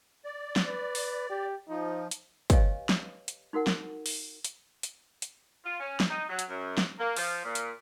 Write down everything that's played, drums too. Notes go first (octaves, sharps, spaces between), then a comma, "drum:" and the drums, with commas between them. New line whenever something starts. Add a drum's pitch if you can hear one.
D5
drum: snare
B4
drum: open hi-hat
G4
F3 D#4
drum: hi-hat
G4 B4 C#5 D#5 F5 G#5, drum: kick, hi-hat
drum: snare
drum: hi-hat
D#4 F#4 A#4 F#5
drum: snare
drum: open hi-hat
drum: hi-hat
drum: hi-hat
drum: hi-hat
F4
C#4
drum: snare
D#4
F#3
drum: hi-hat
F#2
drum: snare
A#3
F3, drum: open hi-hat
A#2
drum: hi-hat